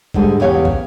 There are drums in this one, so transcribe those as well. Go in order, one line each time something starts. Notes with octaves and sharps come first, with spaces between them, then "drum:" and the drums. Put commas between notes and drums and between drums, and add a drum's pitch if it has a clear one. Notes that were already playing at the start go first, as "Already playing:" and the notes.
G#2 D3 G3 G#3, drum: kick
E2 C#3 G4 C#5 F5 G5
drum: kick